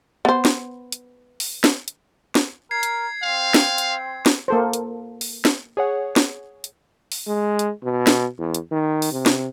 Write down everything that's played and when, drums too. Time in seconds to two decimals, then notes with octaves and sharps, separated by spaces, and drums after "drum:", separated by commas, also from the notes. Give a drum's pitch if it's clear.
0.25 B3 C5
0.45 drum: snare
0.92 drum: hi-hat
1.40 drum: open hi-hat
1.64 drum: snare
1.88 drum: hi-hat
2.35 drum: snare
2.71 A#4 G#6 C7
2.83 drum: hi-hat
3.23 C4 F5
3.54 drum: snare
3.78 drum: hi-hat
4.26 drum: snare
4.48 A#3 A4 C5
4.73 drum: hi-hat
5.21 drum: open hi-hat
5.45 drum: snare
5.77 G#4 C#5 F#5
6.16 drum: snare
6.64 drum: hi-hat
7.12 drum: open hi-hat
7.27 G#3
7.59 drum: hi-hat
7.83 B2
8.07 drum: snare
8.39 E2
8.54 drum: hi-hat
8.71 D#3
9.02 drum: open hi-hat
9.12 C3
9.26 drum: snare